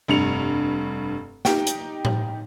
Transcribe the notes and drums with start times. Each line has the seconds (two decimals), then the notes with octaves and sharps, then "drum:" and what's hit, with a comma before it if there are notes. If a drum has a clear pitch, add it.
0.08 F1 G2 C#7 F7
1.45 D#4 G4 G5, drum: snare
1.67 drum: hi-hat
2.05 drum: tom A2